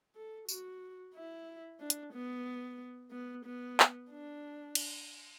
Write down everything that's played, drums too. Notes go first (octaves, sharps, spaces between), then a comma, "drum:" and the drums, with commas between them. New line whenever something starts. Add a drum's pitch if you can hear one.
A4
F#4, drum: tambourine
E4
D4
drum: hi-hat
B3
B3
B3
drum: clap
D4
drum: cymbal